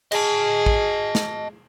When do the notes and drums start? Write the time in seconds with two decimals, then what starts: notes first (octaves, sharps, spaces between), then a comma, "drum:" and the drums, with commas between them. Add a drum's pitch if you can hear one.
0.12 G#4 D#5 A5, drum: cymbal
0.66 drum: kick A1
1.15 drum: snare